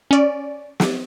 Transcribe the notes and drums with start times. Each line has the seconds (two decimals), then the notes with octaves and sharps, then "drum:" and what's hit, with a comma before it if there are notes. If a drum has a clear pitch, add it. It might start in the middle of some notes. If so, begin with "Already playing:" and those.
0.11 C#4 D5
0.80 drum: snare